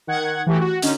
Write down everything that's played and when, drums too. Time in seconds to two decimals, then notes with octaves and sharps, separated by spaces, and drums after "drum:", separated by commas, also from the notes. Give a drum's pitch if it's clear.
0.07 D#3 F#5 G#6
0.46 E3 A3 F#4 G4
0.61 F#4
0.82 D3 C#4 D#4, drum: hi-hat